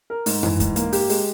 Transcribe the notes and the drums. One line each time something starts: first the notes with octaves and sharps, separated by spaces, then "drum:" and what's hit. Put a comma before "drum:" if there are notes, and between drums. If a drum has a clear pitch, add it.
A#4
G#2, drum: open hi-hat
E3, drum: tom F#2
G#2, drum: kick C2, hi-hat
A#3, drum: hi-hat
G4, drum: open hi-hat
G#3, drum: open hi-hat